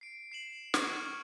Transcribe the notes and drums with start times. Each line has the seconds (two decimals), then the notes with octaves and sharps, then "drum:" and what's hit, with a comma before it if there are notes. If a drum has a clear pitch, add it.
0.01 C7 D7
0.32 C7 E7 F#7
0.74 C#6 G#6 C7 C#7 D#7, drum: snare
0.96 F6